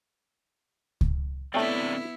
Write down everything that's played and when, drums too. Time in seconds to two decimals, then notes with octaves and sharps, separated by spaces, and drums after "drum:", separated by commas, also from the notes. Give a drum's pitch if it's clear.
1.01 drum: kick C#2
1.54 D3 A3 B3 C4 E4 C#5 D5 G5